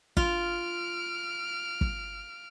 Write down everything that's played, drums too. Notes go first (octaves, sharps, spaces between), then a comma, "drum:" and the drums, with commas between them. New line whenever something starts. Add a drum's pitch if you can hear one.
F4 F6 D7, drum: kick
drum: kick